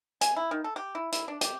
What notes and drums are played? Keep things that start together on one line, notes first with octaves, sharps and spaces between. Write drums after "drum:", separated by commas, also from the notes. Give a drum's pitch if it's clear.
G#5, drum: hi-hat
E4
D#3
A4
G4
E4
E4, drum: hi-hat
D4
G4, drum: hi-hat